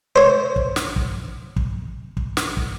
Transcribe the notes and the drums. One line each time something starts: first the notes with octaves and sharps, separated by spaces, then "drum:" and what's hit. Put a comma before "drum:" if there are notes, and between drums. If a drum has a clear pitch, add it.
C5 C#5
drum: kick
drum: snare
drum: kick
drum: kick
drum: kick
drum: snare
drum: kick